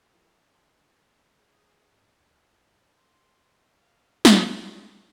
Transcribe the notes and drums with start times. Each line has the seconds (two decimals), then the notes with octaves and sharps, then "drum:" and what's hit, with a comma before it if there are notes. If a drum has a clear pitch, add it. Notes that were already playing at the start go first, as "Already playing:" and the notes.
0.12 E3 F3 G3 A#4
0.54 A5 C6
0.77 D2
1.40 G#4
1.92 G#2
2.20 D2
2.49 A1
2.98 C6
3.79 F5
4.25 drum: snare
4.50 C#5